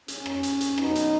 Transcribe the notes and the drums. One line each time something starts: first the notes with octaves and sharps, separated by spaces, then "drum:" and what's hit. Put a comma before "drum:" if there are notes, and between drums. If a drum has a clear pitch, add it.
C#4, drum: hi-hat
drum: rim click
drum: hi-hat
drum: hi-hat
B2 F#3 B3 D#4, drum: rim click
drum: hi-hat